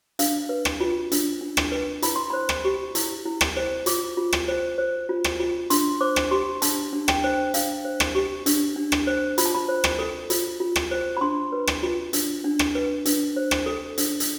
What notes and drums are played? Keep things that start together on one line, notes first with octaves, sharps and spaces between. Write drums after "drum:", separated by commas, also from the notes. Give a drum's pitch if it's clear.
D4 F5, drum: hi-hat
B4
drum: rim click
F4
D4, drum: hi-hat
D4
drum: rim click
B4
E4 B5, drum: hi-hat
C6
C5 B5
drum: rim click
G4
E4, drum: hi-hat
E4
drum: rim click
C5
F4 D6, drum: hi-hat
F4
drum: rim click
C5
C5
F4
drum: rim click
F4
D4 C6, drum: hi-hat
C5 D6
drum: rim click
G4 C6
D4 A5, drum: hi-hat
D4
G5, drum: rim click
C5
D4 F5, drum: hi-hat
C5
drum: rim click
G4
D4, drum: hi-hat
D4
drum: rim click
C5
F4 B5, drum: hi-hat
A5
B5
C5
drum: rim click
A4
F4, drum: hi-hat
F4
drum: rim click
C5
B5
D4 C6
B4
drum: rim click
F4
D4, drum: hi-hat
D4
drum: rim click
B4
D4, drum: hi-hat
C5
drum: rim click
A4
D4, drum: hi-hat
drum: hi-hat